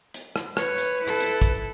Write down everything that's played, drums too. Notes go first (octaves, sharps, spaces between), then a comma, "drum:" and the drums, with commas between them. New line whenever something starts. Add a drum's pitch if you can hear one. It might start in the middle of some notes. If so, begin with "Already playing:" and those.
drum: hi-hat
drum: rim click
B4 C#5, drum: rim click
drum: hi-hat
E4 A4
drum: hi-hat
drum: kick, hi-hat